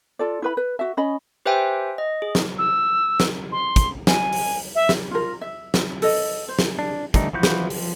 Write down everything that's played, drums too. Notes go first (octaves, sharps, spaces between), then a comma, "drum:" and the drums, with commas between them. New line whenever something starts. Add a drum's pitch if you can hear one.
F4 A4 D5
E4 B4 B5
B4
F#4 E5
C#4 D#5 B5
G4 B4 C5 E5 G5 G#5
D#5
G#4
drum: snare
E6
drum: snare
C6
drum: kick, hi-hat
G#5, drum: snare
drum: open hi-hat
E5
drum: snare
F4 A#4
E5
drum: snare
A4 D#5, drum: open hi-hat
C5
drum: snare
D4
D3 E3 G3 A3 D#4, drum: kick, hi-hat
E3 F3 F#4 B4 G6
drum: snare
F3, drum: open hi-hat